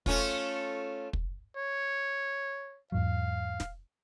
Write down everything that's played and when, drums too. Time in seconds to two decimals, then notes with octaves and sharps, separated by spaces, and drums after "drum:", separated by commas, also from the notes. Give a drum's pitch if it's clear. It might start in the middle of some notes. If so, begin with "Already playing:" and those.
0.06 A3 C#4 F4, drum: kick
1.13 drum: kick
1.56 C#5
2.92 E2 G#2 F#3 F5
3.60 drum: snare